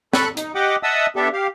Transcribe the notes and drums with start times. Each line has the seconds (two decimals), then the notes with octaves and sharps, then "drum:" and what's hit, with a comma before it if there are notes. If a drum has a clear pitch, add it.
0.13 A4 B5 C#6 F#6, drum: snare
0.37 D#4, drum: hi-hat
0.55 G4 D#5 F#5 G5 D6
0.83 D#5 E5 F#5 A5 D#6 E6
1.16 B3 D4 G4 A4 E5
1.33 G4 F5